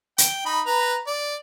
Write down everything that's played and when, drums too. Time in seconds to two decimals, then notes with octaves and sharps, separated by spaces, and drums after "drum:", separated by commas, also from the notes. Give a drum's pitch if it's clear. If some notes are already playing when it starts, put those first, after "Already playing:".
0.18 G5, drum: hi-hat
0.46 D#4 B5
0.66 B4 A#5
1.07 D5